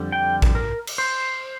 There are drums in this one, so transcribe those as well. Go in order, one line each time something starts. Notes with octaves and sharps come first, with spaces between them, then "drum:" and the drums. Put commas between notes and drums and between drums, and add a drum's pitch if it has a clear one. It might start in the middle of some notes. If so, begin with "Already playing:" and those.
Already playing: F2 D3 G3
G5
drum: kick A1
A#4
drum: cymbal
C5